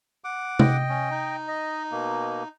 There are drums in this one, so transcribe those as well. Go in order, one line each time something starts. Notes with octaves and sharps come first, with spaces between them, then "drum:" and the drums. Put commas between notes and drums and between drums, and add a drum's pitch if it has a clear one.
F#5 D6
D#5 G5, drum: tom C3
C#4
D#4
D#5
B2 A#3